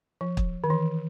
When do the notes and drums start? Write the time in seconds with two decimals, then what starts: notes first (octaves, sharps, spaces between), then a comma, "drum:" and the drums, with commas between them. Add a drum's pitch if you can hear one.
0.21 F3
0.37 drum: kick
0.64 D#3
0.70 E3